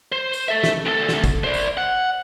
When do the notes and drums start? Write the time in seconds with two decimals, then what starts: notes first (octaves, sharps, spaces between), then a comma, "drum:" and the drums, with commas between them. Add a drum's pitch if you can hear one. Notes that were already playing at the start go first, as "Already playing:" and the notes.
0.12 C5
0.33 drum: tambourine
0.48 A4 E5
0.63 drum: snare
0.86 D2 A4
1.09 drum: snare
1.24 drum: kick, tambourine
1.44 C5 D5
1.54 drum: tambourine
1.77 F#5